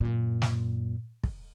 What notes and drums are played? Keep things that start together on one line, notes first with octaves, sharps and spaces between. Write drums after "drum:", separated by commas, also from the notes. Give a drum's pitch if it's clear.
F#2 A#2
drum: snare
drum: kick